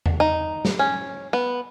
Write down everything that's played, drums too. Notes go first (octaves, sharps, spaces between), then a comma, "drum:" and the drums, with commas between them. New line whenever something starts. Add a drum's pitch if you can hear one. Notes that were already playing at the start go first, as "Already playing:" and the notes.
drum: tom E2
D#4
drum: snare
C#4
B3